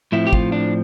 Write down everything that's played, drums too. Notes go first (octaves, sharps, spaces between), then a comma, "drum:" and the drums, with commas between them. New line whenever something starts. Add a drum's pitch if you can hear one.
A2 F3 C4 E4
G4
F4, drum: kick
D4